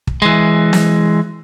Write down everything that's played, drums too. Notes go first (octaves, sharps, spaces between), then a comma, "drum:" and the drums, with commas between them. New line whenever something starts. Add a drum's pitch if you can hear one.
drum: kick
E3 G#3
drum: snare